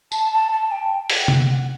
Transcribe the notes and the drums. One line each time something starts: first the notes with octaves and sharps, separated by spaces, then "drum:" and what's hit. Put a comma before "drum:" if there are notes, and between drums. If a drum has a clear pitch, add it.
A5, drum: tambourine
A5
A5
G5
F#5, drum: open hi-hat
G5
F#5, drum: tom C3
F#5